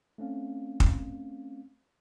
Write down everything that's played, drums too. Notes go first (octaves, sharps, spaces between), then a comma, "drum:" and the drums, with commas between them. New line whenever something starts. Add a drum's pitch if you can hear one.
A3 C4 C#4 F5
drum: kick